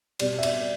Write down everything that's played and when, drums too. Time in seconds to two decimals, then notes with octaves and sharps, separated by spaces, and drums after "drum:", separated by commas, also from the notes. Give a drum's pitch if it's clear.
0.19 B2 G3 D5, drum: cymbal
0.39 E5
0.43 D5, drum: cymbal